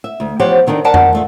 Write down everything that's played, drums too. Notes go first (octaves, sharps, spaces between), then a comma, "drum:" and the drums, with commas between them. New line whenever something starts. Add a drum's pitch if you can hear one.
E5
D2
E2 F3 G4 C5 C#5 F#5
D3 D#3 B3 D4 D#4
A#4 D5 F#5 A5
drum: tom F2
G#2 A3 F4